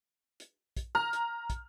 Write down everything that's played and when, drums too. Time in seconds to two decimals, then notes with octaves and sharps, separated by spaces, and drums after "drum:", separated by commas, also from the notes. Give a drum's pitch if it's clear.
0.40 drum: hi-hat
0.77 drum: kick, hi-hat
0.95 A#5 F6
1.13 drum: hi-hat
1.50 drum: kick, hi-hat